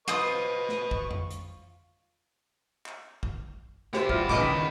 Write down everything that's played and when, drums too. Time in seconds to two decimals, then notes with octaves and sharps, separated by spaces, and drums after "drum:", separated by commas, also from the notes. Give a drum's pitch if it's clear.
0.08 F4 B4 C5 D#5 C#6 D#6, drum: tom F#3
0.69 drum: snare
0.91 drum: kick
1.11 drum: tom F2
1.31 drum: hi-hat
2.86 drum: clap
3.23 drum: kick
3.93 B3 E4 G4 C5, drum: snare
4.09 G3 F4, drum: kick
4.29 C#2 C#3 B4 D#5 D6, drum: kick
4.41 D#3 B6